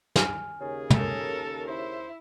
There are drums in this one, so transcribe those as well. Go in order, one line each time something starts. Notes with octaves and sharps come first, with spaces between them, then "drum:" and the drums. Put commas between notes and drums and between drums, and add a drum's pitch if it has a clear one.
G#5 F6, drum: snare
D#2 C#3 G#4
A4 A#4, drum: tom
E4 C5